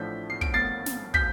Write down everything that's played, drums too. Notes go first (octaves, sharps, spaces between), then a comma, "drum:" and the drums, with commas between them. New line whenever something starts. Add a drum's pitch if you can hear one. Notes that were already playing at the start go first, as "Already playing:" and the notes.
Already playing: A1 A2 F3 A3 D4 G6 B6
C7
D7, drum: kick
A6 C7
drum: snare
G6 B6, drum: kick